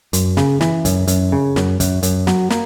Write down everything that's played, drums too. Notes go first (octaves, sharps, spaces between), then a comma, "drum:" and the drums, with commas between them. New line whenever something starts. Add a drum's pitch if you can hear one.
F#2, drum: hi-hat
C#3, drum: snare
E3, drum: snare
F#2, drum: kick, hi-hat
F#2, drum: hi-hat
C#3
F#2, drum: snare
F#2, drum: kick, hi-hat
F#2, drum: hi-hat
F#3, drum: snare
A#3, drum: snare